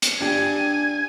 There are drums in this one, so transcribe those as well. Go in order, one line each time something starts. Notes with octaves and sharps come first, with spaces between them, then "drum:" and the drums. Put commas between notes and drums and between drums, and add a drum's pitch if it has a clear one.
drum: hi-hat
D4 G4 G#5